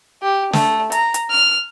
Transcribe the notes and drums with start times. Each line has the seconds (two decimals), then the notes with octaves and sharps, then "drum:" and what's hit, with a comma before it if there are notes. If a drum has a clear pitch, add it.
0.23 G4
0.53 A3, drum: snare
0.92 A#5, drum: hi-hat
1.14 drum: hi-hat
1.31 F6